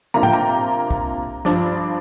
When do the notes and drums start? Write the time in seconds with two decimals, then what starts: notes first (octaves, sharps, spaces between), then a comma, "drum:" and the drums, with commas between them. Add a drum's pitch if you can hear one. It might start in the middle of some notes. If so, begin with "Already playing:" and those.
0.14 C3 A#3 D4 F4 A#5
0.23 G5, drum: tom G#2
0.33 A#5
0.91 drum: kick
1.45 G2 F3 D4, drum: snare